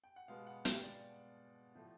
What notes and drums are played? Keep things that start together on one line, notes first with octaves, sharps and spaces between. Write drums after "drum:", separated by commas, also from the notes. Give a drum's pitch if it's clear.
G5
F#5
B2 G#3 B3 F5
F#5
G5, drum: hi-hat
D5
A2 F3 A3